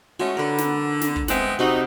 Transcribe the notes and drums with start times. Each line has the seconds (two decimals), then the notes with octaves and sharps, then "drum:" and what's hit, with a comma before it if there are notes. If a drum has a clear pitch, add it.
0.19 G#3 A3 C#4 F#4
0.37 D3 A#4 B4
0.58 drum: snare
1.01 drum: snare
1.16 drum: kick
1.28 G#3 B3 C4 E5 F#5, drum: snare
1.59 C3 C4 D#4 F#4 B5